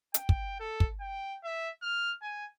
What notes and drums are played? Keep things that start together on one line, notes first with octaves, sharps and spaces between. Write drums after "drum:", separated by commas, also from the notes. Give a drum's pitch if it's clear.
G5, drum: hi-hat
drum: kick
A4
drum: kick
G5
E5
F6
G#5